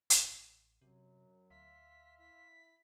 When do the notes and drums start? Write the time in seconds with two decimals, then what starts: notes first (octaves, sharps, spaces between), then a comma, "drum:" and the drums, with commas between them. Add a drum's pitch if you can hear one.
0.10 A1, drum: hi-hat
0.82 F#2 C3 F#3
1.50 D2 E5 F5 C6 B6
2.19 E4 B6